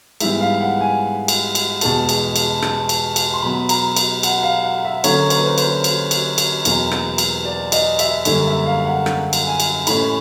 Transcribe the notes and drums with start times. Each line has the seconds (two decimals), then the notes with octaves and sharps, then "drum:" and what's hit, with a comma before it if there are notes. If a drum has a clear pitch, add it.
0.20 G#2 E3 G3 B3 E5, drum: cymbal
0.41 F5
0.61 F#5
0.81 G#5
1.28 drum: cymbal
1.55 drum: cymbal
1.81 E2 B2 G#3 B3 A5, drum: cymbal
2.09 drum: cymbal
2.36 drum: cymbal
2.62 drum: rim click
2.89 drum: cymbal
3.16 drum: cymbal
3.34 C6
3.42 B2 F#3 B3 B5
3.69 A#5, drum: cymbal
3.96 drum: cymbal
4.23 F#5, drum: cymbal
4.43 F5
4.63 F#5
4.84 E5
5.04 D3 F#3 A#3 C#4 C#5, drum: cymbal
5.30 C5, drum: cymbal
5.39 B4
5.46 C5
5.58 C5, drum: cymbal
5.84 drum: cymbal
6.11 drum: cymbal
6.38 drum: cymbal
6.65 E2 B2 F#3 A#3, drum: cymbal
6.91 drum: rim click
7.18 drum: cymbal
7.45 D5
7.72 D#5, drum: cymbal
7.99 E5, drum: cymbal
8.25 F#2 D3 G3 A#3 C#4, drum: cymbal
8.46 E5
8.66 F5
8.85 F#5
9.06 drum: rim click
9.33 drum: cymbal
9.47 G#5
9.60 drum: cymbal
9.87 A2 E3 A3 C#4 B5, drum: cymbal